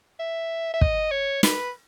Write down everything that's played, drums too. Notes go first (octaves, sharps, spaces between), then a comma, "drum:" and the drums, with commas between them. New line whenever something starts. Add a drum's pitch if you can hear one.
E5
E5
D#5, drum: kick
C#5
B4, drum: snare